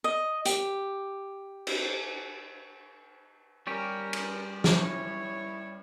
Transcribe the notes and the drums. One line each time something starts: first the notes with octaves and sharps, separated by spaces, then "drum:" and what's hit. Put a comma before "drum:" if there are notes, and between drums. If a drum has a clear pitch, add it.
D#5
G4, drum: hi-hat
drum: cymbal
G3 C#4 G4 A#4
drum: cymbal
drum: snare
E4 C#5